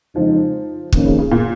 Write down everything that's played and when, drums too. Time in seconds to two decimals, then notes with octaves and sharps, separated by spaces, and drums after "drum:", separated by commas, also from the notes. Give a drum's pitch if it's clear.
0.14 F2 C#3 F3 G#3 D#4
0.92 F2 D#3 A#3 C#4, drum: kick
1.06 C#3
1.19 C#3
1.32 A#2